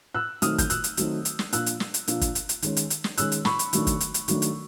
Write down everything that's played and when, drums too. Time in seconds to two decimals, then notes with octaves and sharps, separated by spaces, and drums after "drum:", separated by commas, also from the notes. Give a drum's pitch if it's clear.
0.14 E6 F#6
0.42 D#3 F#3 A3 C4 D#4 D#6 F6, drum: hi-hat
0.58 G6, drum: kick, hi-hat
0.70 E6 F#6, drum: hi-hat
0.84 drum: hi-hat
0.97 D#3 F#3 A3 C4 D#4, drum: hi-hat
1.25 drum: hi-hat
1.39 drum: snare
1.53 A#2 F3 A#3 D4 E6 F#6, drum: hi-hat
1.66 drum: hi-hat
1.80 drum: snare
1.94 drum: hi-hat
2.08 A#2 F3 A#3 D4, drum: hi-hat
2.21 drum: kick, hi-hat
2.35 drum: hi-hat
2.49 drum: hi-hat
2.62 D#3 G#3 C#4, drum: hi-hat
2.77 drum: hi-hat
2.90 drum: hi-hat
3.04 drum: snare
3.17 D#3 G#3 C#4 E6 F#6, drum: hi-hat
3.32 drum: hi-hat
3.45 B5 C#6, drum: snare
3.59 drum: hi-hat
3.73 D#3 F#3 A3 D4, drum: hi-hat
3.87 drum: kick, hi-hat
4.00 drum: hi-hat
4.14 drum: hi-hat
4.28 D#3 F#3 A3 D4, drum: hi-hat
4.42 drum: hi-hat